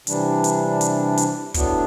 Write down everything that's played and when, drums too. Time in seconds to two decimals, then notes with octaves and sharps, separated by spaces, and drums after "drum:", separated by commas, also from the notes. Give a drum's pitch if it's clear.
0.07 C3 E3 G3 D4, drum: hi-hat
0.44 drum: hi-hat
0.81 drum: hi-hat
1.17 drum: hi-hat
1.54 A2 F#3 B3 D4, drum: kick, hi-hat